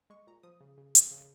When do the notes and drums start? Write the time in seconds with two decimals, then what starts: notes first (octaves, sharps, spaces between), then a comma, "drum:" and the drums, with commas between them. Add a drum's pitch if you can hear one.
0.10 G#3 C#6
0.27 A#2 A#5
0.43 F3 D#6
0.61 C#3
0.78 C#3
0.95 F2, drum: hi-hat
1.11 C#3